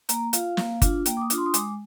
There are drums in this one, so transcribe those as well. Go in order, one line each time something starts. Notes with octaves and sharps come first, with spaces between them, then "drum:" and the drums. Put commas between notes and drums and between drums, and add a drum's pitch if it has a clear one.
A#3 A#5, drum: hi-hat
F4 F5, drum: hi-hat
A#3, drum: snare
D4 F4, drum: kick G1, hi-hat
A#3 G5, drum: hi-hat
D6
D#6
D4 F4, drum: hi-hat
C6
D#6
G#3 D6, drum: hi-hat